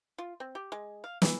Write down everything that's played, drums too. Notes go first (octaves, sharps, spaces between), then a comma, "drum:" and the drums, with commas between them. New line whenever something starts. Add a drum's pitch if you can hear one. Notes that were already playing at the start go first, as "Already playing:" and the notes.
F4
C4
G4
G#3
F5
E3, drum: snare